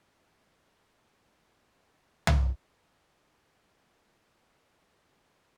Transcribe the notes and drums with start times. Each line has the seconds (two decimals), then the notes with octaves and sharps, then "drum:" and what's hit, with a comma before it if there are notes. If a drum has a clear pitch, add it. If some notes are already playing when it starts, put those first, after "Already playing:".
0.89 C#4 G#5
1.27 G#3
1.58 B4 D#5 A5
1.90 C#3
2.27 drum: tom
3.01 F#3 C#4 E4 A4
3.98 D#4 C5 F5 G#5